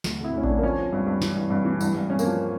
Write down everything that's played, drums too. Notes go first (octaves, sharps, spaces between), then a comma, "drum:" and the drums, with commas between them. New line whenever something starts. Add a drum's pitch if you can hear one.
D2, drum: snare
D2 E4
D2 C#4
D4, drum: kick A1
D2
A#3
F3 C#4
F3
G2
G2
E3, drum: snare
G2
G2
E3
G2, drum: tambourine
G2
G2 C#4
A#3, drum: tambourine
F3